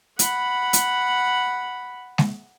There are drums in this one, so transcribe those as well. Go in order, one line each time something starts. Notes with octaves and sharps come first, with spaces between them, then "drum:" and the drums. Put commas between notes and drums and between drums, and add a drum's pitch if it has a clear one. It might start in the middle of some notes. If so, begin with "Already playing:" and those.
F#5 B5, drum: hi-hat
drum: hi-hat
drum: snare G#3